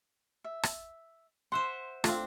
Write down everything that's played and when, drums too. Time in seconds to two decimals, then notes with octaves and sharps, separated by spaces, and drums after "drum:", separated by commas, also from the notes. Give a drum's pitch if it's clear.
0.44 E5
0.63 drum: rim click
1.52 C5 E5 F#5 C6
2.04 A3 C4 D4 F4, drum: rim click